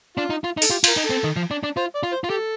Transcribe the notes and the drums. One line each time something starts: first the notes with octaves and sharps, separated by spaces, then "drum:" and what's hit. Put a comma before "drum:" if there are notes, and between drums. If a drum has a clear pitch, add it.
D4 F4
D#4
F4
D#4
A4, drum: open hi-hat
F4 G4
F4, drum: cymbal
A#4
D#4
C4 A4
D#3
F3
D4
D4
F4 C5
D5
F4
C5
F4
G4 A4